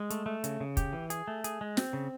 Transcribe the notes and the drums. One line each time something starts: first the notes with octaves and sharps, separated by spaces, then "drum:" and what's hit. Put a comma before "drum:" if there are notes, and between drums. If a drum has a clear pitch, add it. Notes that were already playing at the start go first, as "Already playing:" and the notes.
Already playing: G#3
A3, drum: hi-hat
A3
C#3, drum: hi-hat
C#3
G4, drum: kick, hi-hat
E3
G#4, drum: hi-hat
A3
G#4, drum: hi-hat
G#3
C4, drum: snare
C#3